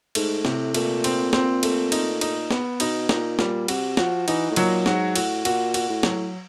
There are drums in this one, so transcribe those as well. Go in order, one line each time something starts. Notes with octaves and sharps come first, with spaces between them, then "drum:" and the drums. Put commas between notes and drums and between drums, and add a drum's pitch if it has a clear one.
G#2 A3, drum: cymbal
A2 C3, drum: snare
A#2 A3, drum: cymbal
C4, drum: cymbal
C4, drum: snare
A3, drum: cymbal
D#4, drum: cymbal
D#4, drum: cymbal
B3, drum: snare
B2 D#4, drum: cymbal
A#2 D#4, drum: snare
A#2 G3, drum: snare
C3 F#4, drum: cymbal
F3 F#4, drum: snare
E3 D#4, drum: cymbal
A2
A#2 F#3, drum: cymbal
G#2 F#4, drum: snare
A2 F#4, drum: cymbal
A#2 F#4, drum: cymbal
F#4, drum: cymbal
A2
F#3, drum: snare